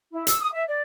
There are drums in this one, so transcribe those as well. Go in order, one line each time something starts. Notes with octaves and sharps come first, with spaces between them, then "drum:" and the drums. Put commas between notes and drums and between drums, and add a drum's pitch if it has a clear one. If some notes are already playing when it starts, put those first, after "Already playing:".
E4
E6, drum: hi-hat
D#6
E5
D5